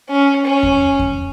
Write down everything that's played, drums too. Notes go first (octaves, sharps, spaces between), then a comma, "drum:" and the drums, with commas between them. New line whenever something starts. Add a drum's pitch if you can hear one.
C#4
C#4
drum: kick E2
drum: kick E2